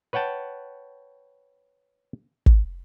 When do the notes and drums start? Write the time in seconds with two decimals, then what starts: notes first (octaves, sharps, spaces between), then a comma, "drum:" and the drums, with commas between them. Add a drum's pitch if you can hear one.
0.13 B4 C#5 F#5 G5 A5
2.46 drum: kick